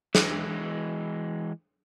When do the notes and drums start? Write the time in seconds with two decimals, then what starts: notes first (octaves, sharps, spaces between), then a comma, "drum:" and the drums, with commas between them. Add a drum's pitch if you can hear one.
0.15 E3 G#3, drum: snare